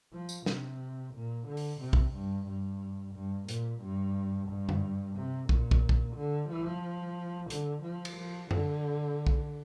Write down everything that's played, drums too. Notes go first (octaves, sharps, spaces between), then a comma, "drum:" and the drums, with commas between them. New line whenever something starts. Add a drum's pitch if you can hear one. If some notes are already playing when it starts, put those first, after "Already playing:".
F3
drum: tambourine
C3, drum: snare
A#2
D3
drum: open hi-hat
C3
drum: kick
G2
G2
G2
A#2, drum: hi-hat
G2
G2
drum: tom F#2
C3
A#2, drum: kick
drum: kick
drum: kick
D3
F3
D3, drum: hi-hat
F3
drum: cymbal
F3
D3, drum: tom F#2
drum: kick